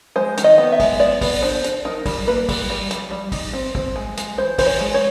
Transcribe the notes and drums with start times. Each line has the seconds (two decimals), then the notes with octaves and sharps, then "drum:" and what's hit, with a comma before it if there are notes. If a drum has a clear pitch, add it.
0.16 G#3 C5
0.37 D#3, drum: hi-hat
0.44 D#5
0.58 B3
0.72 E5
0.80 G#3, drum: kick, open hi-hat
1.00 B3 D5
1.21 B3, drum: kick, open hi-hat
1.42 D4 C5
1.64 D4, drum: hi-hat
1.85 D#4 A#4
2.06 G3, drum: kick, open hi-hat
2.27 A#3 B4
2.49 G3, drum: kick, open hi-hat
2.70 G3
2.91 G3, drum: hi-hat
3.11 G3
3.32 D#4, drum: kick, open hi-hat
3.53 C4
3.75 C4, drum: kick
3.96 G#3
4.17 G#3, drum: hi-hat
4.38 E3 C5
4.58 E3 C5, drum: kick, open hi-hat
4.66 C#5
4.80 G#3
4.94 C#5